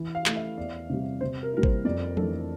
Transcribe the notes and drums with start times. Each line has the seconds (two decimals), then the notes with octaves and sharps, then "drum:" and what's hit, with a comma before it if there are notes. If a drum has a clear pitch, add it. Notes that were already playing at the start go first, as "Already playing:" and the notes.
Already playing: E3
0.15 F5
0.26 A3 E4, drum: clap
0.36 E5
0.57 E2 D5
0.89 C3 G3
1.21 C3 C5
1.43 A#4
1.53 G3 A#3 E4 A#4
1.63 C5, drum: kick
1.85 F2 D5
2.17 E3 A3 D4 A4, drum: tom F3